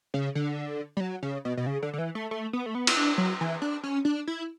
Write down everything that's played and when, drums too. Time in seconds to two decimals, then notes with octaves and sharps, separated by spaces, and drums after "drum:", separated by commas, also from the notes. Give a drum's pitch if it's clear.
0.14 C#3
0.35 D3
0.97 G3
1.00 F#3
1.23 C#3
1.45 B2
1.57 B2
1.67 C#3
1.82 D3
1.93 D3
1.99 E3
2.15 A3
2.31 A3
2.53 B3
2.66 A3
2.75 B3
2.87 drum: cymbal
2.97 D4
3.18 F#3
3.41 E3
3.62 D4
3.84 C#4
4.05 D4
4.27 E4